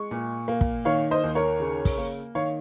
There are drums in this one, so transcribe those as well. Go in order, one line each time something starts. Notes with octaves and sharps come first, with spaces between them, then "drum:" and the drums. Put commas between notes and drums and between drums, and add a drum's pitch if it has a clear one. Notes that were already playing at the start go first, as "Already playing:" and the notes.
Already playing: G#3 C#6
A#2
A#3
drum: kick
D#3 C#5 F5
C5 D#5
D#2
A#4 C#5
C#3
drum: kick, open hi-hat
A#3
D#3 C#5 F5